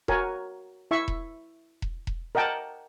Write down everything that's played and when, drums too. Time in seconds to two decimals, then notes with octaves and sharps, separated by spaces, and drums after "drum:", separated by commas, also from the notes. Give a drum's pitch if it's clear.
0.08 F#4 A#4 C#5 G#5, drum: kick E1
0.91 E4 E5 C#6
1.08 drum: kick E1
1.82 drum: kick E1
2.07 drum: kick E1
2.35 A#4 D#5 F#5 G5 A5